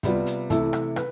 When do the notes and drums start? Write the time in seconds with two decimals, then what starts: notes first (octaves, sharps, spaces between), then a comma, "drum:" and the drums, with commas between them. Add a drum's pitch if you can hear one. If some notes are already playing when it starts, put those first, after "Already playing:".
0.03 C3 G3 B3 F4, drum: kick, hi-hat
0.26 drum: hi-hat
0.50 C3 E3 A3 E4 A4, drum: kick, hi-hat
0.73 drum: rim click
0.96 B4, drum: rim click